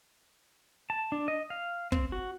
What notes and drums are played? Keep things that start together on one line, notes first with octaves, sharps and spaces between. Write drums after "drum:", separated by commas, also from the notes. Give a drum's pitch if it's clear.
A5
D4
D#5
F5
C4, drum: kick
F#4